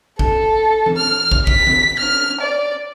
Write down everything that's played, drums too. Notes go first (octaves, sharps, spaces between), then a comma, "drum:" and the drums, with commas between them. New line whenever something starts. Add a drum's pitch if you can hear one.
A4, drum: kick
drum: tom E3
F6
drum: kick
B6, drum: kick
drum: tom D#3
F6
D5